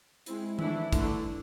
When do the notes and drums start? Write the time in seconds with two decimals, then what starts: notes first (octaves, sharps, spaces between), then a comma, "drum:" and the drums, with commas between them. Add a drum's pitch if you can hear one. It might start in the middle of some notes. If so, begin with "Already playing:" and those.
0.26 G#3 C4 E4, drum: hi-hat
0.59 E3 A3 D4 E4, drum: tom D#3
0.93 D3 A3 D4, drum: kick, hi-hat